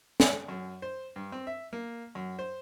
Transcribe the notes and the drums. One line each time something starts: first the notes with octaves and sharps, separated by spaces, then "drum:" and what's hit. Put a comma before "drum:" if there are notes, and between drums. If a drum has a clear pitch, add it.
drum: snare
F#2
C5
G2
C4
E5
A#3
F#2
C5